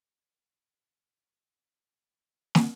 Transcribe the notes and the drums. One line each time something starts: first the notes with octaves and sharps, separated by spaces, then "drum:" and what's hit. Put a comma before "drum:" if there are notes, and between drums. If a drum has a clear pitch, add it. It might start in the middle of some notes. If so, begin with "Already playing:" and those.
E2 A2
drum: snare